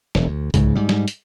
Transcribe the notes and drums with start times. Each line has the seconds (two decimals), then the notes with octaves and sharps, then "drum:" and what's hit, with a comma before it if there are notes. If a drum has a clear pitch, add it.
0.15 E1, drum: snare
0.27 D2
0.54 C#2 G#2 C#3, drum: kick B1, hi-hat
0.75 G#2 G3
0.89 drum: snare
1.08 drum: hi-hat